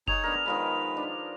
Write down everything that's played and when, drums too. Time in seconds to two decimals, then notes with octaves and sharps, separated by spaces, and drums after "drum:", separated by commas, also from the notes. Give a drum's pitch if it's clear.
0.08 D#4 G#4 C#5 F#5 F7, drum: kick F#1
0.23 B3 D4 A#4
0.46 D#3 F3 G#3 B4
0.97 D4